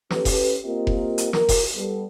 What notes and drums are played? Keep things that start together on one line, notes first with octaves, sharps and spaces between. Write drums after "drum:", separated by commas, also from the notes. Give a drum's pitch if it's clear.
C#4 G4 A4 B4, drum: snare
drum: kick F1, open hi-hat
A#3 C4 F4 G4 A#4 D#5
drum: kick F1
drum: hi-hat
A#4, drum: snare
drum: kick F1, open hi-hat
G3 B3 A4